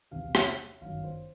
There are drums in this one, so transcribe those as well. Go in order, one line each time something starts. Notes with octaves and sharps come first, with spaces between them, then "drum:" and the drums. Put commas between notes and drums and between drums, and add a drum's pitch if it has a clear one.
E1 E2 C3 F5
F#5, drum: rim click
G1 F#2 D#3 F#3 F5
C5